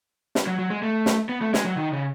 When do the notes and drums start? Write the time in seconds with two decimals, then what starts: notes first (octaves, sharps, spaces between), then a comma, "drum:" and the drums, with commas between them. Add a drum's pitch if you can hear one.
0.35 drum: snare
0.47 F#3
0.59 F#3
0.70 G#3
0.83 A3
1.06 drum: snare
1.29 B3
1.42 A3
1.54 G#3, drum: snare
1.65 F#3
1.77 D#3
1.93 C#3